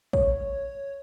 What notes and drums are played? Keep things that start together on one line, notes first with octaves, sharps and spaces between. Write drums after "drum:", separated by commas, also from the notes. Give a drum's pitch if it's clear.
C#5, drum: kick